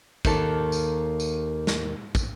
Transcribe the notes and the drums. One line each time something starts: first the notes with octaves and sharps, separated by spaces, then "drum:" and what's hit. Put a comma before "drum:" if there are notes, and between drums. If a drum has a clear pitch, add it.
D#2 D#3 A#3 A4 A5, drum: kick, tambourine
drum: tambourine
drum: tambourine
drum: snare
drum: kick, tambourine